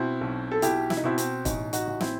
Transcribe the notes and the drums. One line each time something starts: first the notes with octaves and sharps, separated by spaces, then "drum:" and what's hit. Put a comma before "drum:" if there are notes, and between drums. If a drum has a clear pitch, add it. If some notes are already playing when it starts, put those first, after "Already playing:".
Already playing: B2 C4 E4
B1
A4
B2 E4 G4, drum: hi-hat
E4, drum: snare
D#4
B2 C4 E4
C4, drum: hi-hat
A1 D#4, drum: kick, hi-hat
D#4 F#4, drum: hi-hat
A1
C4 E4, drum: snare